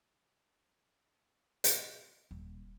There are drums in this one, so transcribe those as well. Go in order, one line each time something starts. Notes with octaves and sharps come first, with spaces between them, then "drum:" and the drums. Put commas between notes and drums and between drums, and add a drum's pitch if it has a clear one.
drum: hi-hat
D#1